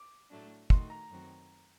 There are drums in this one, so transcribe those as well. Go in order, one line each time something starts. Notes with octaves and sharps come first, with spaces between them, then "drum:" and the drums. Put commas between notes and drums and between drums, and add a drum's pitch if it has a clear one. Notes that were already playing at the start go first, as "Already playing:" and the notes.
Already playing: D6
A2 F#3 A3 D4
D#3 A3 D#4 F#4 C6, drum: kick
A#5
F#2 D#3 A3 C4 F#4